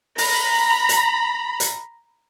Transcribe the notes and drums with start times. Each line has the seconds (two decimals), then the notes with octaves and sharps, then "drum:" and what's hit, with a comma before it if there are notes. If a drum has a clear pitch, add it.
0.18 A#5 B5, drum: open hi-hat
0.89 drum: hi-hat
1.60 drum: hi-hat